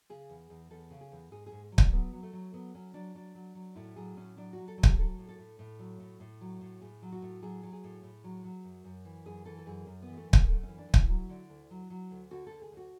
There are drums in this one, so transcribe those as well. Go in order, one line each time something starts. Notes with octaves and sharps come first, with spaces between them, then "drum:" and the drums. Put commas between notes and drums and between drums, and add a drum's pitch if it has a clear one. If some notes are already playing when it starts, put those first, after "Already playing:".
C#3 G#4
E2
E2
E2 A4
C#3
G#4
E2
G#2 G#4
G#4
G#2
F#3
D4, drum: kick
F#3 B3
F#3
A3
F#3
F#3 B3
F#3 C#4
F#3 D4
F#3 D4
F#3
F#3
A2 E4
F#3 G#4
A2 C#4
F#3 D4
F#3 F#4
A4
F#3
G#4, drum: kick
F#3 A4
A2
A4
A2
A2
F#3
A2
A2
F#3
A2
A2 G#4
F#3
F#4
A2
F#3 G#4
F#3
G#4
A2
A2
F#3
F#3
F#2
F#2
E3
F#2 G#4
E3 A4
A4
F#2 G#4
F#2 C#4
E3 B3
G#3
A3
F#2
G#3, drum: kick
F#2 A3
E3 C#4
D4
E3
E4, drum: kick
F#3
D3
D2
F#3
F#3
D2
D3 F#4
D2 A4
G#4
D2 F#4